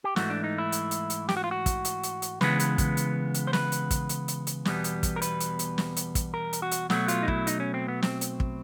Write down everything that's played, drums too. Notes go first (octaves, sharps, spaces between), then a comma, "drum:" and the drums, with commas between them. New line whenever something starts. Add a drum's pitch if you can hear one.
G4
G#2 E3 A3 F#4, drum: snare
D4
D#4
E4
drum: hi-hat
drum: hi-hat
drum: hi-hat
G4, drum: snare
F#4
F4
F#4
drum: kick, hi-hat
drum: hi-hat
drum: hi-hat
drum: hi-hat
C#3 E3 G#3 B3 B4, drum: snare
drum: hi-hat
drum: kick, hi-hat
drum: hi-hat
drum: hi-hat
C5
B4, drum: snare
drum: hi-hat
drum: kick, hi-hat
drum: hi-hat
drum: hi-hat
drum: hi-hat
E2 B2 G3 B3, drum: snare
drum: hi-hat
drum: kick, hi-hat
A#4
B4, drum: hi-hat
drum: hi-hat
drum: hi-hat
drum: snare
drum: hi-hat
drum: kick, hi-hat
A#4
drum: hi-hat
F#4
drum: hi-hat
B2 F#3 A3 F#4, drum: snare
F4, drum: hi-hat
D#4
E4, drum: kick
D#4, drum: hi-hat
C#4
C4
B3
C4, drum: snare
drum: hi-hat
drum: kick